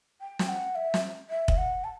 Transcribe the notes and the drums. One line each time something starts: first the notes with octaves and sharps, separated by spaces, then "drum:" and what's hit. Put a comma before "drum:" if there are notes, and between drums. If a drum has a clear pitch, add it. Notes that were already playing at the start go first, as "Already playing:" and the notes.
G5
drum: snare
F#5
E5
drum: snare
E5
drum: kick
F#5
A5